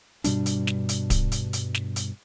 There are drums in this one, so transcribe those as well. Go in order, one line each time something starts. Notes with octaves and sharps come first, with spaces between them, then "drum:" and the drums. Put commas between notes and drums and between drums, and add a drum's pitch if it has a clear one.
G2 B2 G3 D4, drum: hi-hat
drum: hi-hat
drum: snare
drum: hi-hat
drum: kick D1, hi-hat
drum: hi-hat
drum: hi-hat
drum: snare
drum: hi-hat